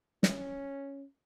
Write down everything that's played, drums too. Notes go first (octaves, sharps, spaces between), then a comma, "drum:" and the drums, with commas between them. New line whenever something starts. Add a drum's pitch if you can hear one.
C#4, drum: snare